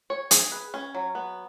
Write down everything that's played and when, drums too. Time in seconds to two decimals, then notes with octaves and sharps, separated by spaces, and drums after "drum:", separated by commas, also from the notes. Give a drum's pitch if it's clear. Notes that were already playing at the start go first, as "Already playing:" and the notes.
0.10 C#5
0.31 G#4, drum: hi-hat
0.52 B4
0.74 C#4
0.95 F#3
1.15 B3